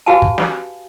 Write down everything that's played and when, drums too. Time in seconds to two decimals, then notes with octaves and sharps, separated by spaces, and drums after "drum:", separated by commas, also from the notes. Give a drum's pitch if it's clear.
0.06 F#4 G4 B4 F5 G#5 A5
0.22 drum: kick
0.38 drum: snare